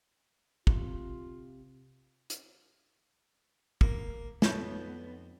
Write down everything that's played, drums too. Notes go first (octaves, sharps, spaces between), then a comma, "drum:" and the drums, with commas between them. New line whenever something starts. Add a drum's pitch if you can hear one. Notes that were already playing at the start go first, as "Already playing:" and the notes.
C3 F4, drum: kick
drum: hi-hat
A#3, drum: kick
F2 B3 D#4 F4 C#5, drum: snare